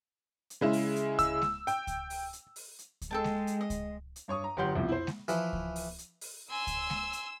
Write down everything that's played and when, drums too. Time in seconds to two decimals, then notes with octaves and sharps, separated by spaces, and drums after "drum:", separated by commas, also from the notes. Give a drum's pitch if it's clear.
0.50 drum: hi-hat
0.61 C#3 G#3 E4
0.73 drum: open hi-hat
0.96 drum: hi-hat
1.19 E6, drum: kick C#2, hi-hat
1.42 drum: snare G#3
1.67 G5, drum: hi-hat
1.87 drum: kick C#2, hi-hat
2.10 drum: open hi-hat
2.33 drum: hi-hat
2.56 drum: open hi-hat
2.79 drum: hi-hat
3.01 drum: kick C#2, hi-hat
3.11 G#3 A4 G5 A5
3.24 drum: snare G#3
3.47 drum: hi-hat
3.61 D#5
3.70 drum: kick C#2, hi-hat
4.16 drum: hi-hat
4.28 G2 C#5 C#6 D#6
4.44 A#5
4.57 G1 F#3 G4 F#5 C6 G6
4.76 C2 F2 B2
4.89 E4 C5
5.07 drum: snare G#3
5.28 E3 F3, drum: hi-hat
5.53 drum: kick C#2
5.76 drum: open hi-hat
5.98 drum: hi-hat
6.21 drum: open hi-hat
6.50 G#5 C6 E6
6.67 drum: kick C#2, hi-hat
6.90 drum: snare G#3
7.13 drum: hi-hat